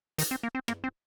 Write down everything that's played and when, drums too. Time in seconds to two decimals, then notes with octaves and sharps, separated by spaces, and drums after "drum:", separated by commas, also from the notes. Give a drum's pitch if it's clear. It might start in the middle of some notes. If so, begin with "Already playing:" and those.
0.18 D#3, drum: hi-hat
0.31 C4
0.43 A#3
0.55 C4
0.68 A#3, drum: rim click
0.84 C4